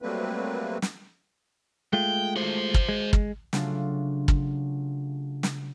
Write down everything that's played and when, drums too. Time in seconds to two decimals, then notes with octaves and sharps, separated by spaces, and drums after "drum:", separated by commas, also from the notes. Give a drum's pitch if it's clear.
0.02 F#3 G3 A3 A#3 C4 B4
0.82 drum: snare
1.93 G#3 A3 F4 G5
2.36 F#4 C5
2.74 drum: kick
2.89 G#3
3.13 drum: kick
3.53 C#3 F#3 A3 D4 F4, drum: snare
4.28 drum: kick
5.43 drum: snare